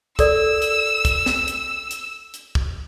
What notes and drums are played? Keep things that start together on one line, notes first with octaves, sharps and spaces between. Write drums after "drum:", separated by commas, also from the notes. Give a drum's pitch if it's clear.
A4 A#4 D5 E6, drum: kick, hi-hat
drum: hi-hat
drum: kick, hi-hat
drum: snare
drum: hi-hat
drum: hi-hat
drum: hi-hat
drum: kick